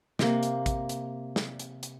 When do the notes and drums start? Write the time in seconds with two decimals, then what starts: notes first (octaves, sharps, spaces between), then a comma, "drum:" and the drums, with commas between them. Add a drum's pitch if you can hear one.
0.19 C3 A#3, drum: snare
0.43 drum: hi-hat
0.66 drum: kick, hi-hat
0.89 drum: hi-hat
1.36 drum: snare
1.59 drum: hi-hat
1.83 drum: hi-hat